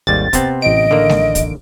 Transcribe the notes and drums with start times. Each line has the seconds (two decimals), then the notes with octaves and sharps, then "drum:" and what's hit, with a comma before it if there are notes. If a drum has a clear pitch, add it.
0.07 G#1 D#2 G3 A6
0.33 C3 B3 C4, drum: kick, hi-hat
0.62 A1 D#5 D7
0.91 D3 D#3 A#3
1.09 drum: snare G#3
1.35 drum: kick, hi-hat